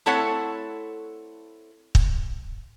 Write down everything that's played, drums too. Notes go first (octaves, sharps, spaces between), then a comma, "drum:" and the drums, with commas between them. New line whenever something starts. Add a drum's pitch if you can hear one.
A3 C4 E4 A4 C#5 F#5
drum: kick